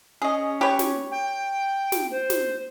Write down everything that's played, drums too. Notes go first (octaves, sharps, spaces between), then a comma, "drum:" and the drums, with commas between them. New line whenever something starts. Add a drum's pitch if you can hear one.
C#4 G#4 D#5
G4 B4 C#5
drum: snare
G5
drum: snare
C5
drum: snare